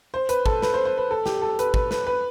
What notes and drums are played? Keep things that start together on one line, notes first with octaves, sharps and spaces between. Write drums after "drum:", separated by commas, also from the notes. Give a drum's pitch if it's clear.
C5
B4, drum: hi-hat
A4, drum: kick
B4, drum: snare
C5
C5
B4
A4
G4, drum: snare
A4
B4, drum: hi-hat
B4, drum: kick
B4, drum: snare
B4